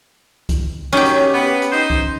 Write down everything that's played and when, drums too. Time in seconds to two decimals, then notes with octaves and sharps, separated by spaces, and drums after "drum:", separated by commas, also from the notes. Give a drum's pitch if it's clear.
0.49 drum: kick C2, hi-hat
0.93 D#3 F#3 C#4 G4
1.05 drum: hi-hat
1.34 B3
1.62 drum: hi-hat
1.72 D#4 C5
1.90 drum: kick C2